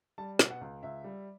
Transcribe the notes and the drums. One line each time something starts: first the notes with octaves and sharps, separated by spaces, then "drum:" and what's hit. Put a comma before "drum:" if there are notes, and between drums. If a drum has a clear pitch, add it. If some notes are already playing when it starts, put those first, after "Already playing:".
G3 A5
B2, drum: snare
F#5
C#2
C#2 E5
G3